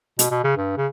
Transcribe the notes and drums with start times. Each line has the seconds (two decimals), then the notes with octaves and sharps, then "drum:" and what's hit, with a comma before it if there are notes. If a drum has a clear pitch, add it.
0.19 B2, drum: hi-hat
0.31 B2
0.44 C#3
0.57 G2
0.77 C#3